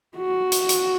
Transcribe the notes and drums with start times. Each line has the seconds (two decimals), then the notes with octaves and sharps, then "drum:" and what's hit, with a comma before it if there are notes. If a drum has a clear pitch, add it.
0.18 F#4
0.52 drum: hi-hat
0.69 drum: hi-hat